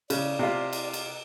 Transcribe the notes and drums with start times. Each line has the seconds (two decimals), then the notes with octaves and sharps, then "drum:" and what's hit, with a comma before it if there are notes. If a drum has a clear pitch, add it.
0.10 C#3 D5, drum: cymbal
0.39 C3 F4
0.73 drum: cymbal
0.93 drum: cymbal